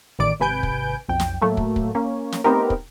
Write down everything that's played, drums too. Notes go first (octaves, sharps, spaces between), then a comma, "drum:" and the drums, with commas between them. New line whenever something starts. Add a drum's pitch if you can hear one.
A1 A2 D#3 D5 D7
G#1 C3 B4 G#5 G6 D7
drum: kick
B1 F2 G5
drum: snare
A2 F#3 A3 A#3
drum: kick
drum: kick
A#3 C#4
drum: snare
A3 B3 C4 D#4 G4 A#4
drum: kick